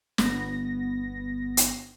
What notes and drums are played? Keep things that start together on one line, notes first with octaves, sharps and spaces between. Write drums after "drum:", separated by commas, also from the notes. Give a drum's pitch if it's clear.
G1 B3 A#6, drum: snare
drum: hi-hat